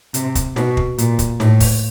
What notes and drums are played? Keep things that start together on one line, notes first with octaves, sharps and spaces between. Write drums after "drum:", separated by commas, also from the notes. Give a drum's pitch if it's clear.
C3, drum: hi-hat
drum: kick, hi-hat
B2, drum: snare
drum: kick
A#2, drum: hi-hat
drum: kick, hi-hat
A2, drum: snare
drum: kick, open hi-hat